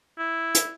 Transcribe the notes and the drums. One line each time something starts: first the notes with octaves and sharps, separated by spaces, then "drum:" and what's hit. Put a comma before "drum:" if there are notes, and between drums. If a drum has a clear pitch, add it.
E4
drum: hi-hat